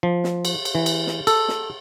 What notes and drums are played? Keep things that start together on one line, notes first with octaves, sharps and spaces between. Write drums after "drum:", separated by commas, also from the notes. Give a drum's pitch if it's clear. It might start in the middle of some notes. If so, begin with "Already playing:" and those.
F3
drum: snare
drum: cymbal
drum: cymbal
E3
drum: cymbal
drum: snare
A4, drum: cymbal
drum: snare